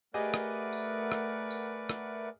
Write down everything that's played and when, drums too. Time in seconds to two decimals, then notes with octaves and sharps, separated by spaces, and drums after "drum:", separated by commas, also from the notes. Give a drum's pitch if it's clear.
0.14 A3 G4 G#4 A#4 B4 D5 D#5 F#5
0.34 drum: rim click
0.73 drum: tambourine
1.12 drum: rim click
1.51 drum: tambourine
1.89 drum: rim click